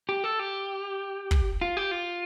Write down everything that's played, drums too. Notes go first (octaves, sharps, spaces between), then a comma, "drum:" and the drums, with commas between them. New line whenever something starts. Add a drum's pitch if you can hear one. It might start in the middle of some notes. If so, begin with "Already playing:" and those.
G4
A4
G4
drum: kick
F4
G4
F4